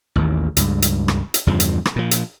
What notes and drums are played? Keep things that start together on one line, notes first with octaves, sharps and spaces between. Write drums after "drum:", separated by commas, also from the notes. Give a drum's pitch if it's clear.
A1 D#2 D#3
C#2 G2, drum: hi-hat
drum: hi-hat
drum: rim click
drum: hi-hat
E2 G2 C#3 F3
drum: hi-hat
drum: rim click
A#2 F3
drum: hi-hat